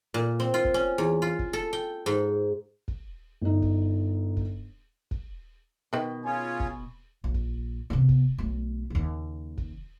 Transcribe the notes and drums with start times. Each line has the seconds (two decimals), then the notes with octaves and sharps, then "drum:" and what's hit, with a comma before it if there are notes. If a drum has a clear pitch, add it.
0.14 A#2
0.40 C4
0.54 F4
0.65 drum: kick
0.74 C#4
0.98 E2
1.22 F4
1.39 drum: kick
1.53 A4
1.73 G5
2.06 G#2
2.88 drum: kick
3.41 G1 D#4
3.62 drum: kick
4.37 drum: kick
5.11 drum: kick
5.93 B2 D#3 B4
6.25 C#4 F4 G#4 C#5 G#5
6.60 drum: kick
7.24 A#1
7.34 drum: kick
7.90 C3 B3
8.09 drum: kick
8.38 B1 A3
8.90 D#2 C#3
9.58 drum: kick